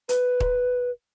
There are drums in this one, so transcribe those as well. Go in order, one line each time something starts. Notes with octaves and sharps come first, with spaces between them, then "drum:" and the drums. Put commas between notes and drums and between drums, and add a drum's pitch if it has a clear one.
B4, drum: hi-hat
drum: kick D#1